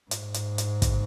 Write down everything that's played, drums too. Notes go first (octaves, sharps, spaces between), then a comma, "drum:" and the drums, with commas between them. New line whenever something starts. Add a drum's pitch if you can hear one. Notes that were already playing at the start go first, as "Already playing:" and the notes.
G#2, drum: hi-hat
drum: hi-hat
drum: hi-hat
drum: kick, hi-hat